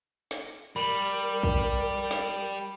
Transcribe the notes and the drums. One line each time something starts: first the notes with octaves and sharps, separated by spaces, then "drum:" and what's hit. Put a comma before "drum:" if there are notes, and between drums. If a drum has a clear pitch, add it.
drum: snare
drum: tambourine
G3 A#4 B5 F#7
drum: tambourine
drum: tambourine
drum: kick, tambourine
drum: tambourine
drum: tambourine
drum: snare
drum: tambourine
drum: tambourine